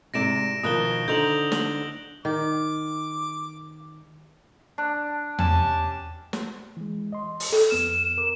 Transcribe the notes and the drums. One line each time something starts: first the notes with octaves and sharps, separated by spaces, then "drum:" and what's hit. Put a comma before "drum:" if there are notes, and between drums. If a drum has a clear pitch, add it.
G#2 C3 D5 A#6 D7 E7
B2 D#3 F3 D#6 F#6 G7
D3 D#4 C5 G6 F7 F#7
F#7, drum: snare
D#3 D6
D4
C#4 G4 A5, drum: tom E2
drum: snare
E3 G#3
D#5 C6
drum: open hi-hat
A4
F2 B3 F6 E7
A#4 D6